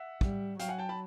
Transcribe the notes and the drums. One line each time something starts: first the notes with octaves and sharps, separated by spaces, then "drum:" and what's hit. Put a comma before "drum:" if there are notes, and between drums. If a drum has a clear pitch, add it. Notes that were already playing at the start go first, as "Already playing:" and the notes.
Already playing: E5 F#5
G3, drum: kick
F#3 F5 G5, drum: hi-hat
F#5 G#5
G5 A5
A5 B5